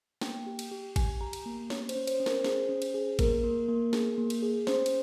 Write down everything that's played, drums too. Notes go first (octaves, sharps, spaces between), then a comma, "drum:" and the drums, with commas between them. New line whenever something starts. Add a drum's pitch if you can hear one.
A#3 G5, drum: snare
G4
drum: cymbal
G4
G4 G#5, drum: kick, cymbal
G4 A#5
drum: cymbal
A#3
C#4 C#5, drum: snare
C5, drum: cymbal
C#4
C5, drum: cymbal
C#4
A#4, drum: snare
G#4 C5, drum: snare
C#4
drum: cymbal
G#4
A#3 A#4, drum: kick, cymbal
A#3
A#3
G#4, drum: snare
A#3
drum: cymbal
G#4
C#4 C5, drum: snare
drum: cymbal